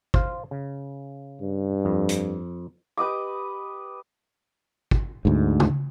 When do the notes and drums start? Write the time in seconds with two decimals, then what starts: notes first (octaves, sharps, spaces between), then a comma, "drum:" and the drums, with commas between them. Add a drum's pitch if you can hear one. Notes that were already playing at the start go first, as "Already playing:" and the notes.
0.14 C5 F5, drum: kick
0.51 C#3
1.41 G2
1.85 F2
2.09 drum: hi-hat
2.97 G4 B4 D#5 D6
4.91 drum: kick
5.25 D2 G#2
5.60 drum: tom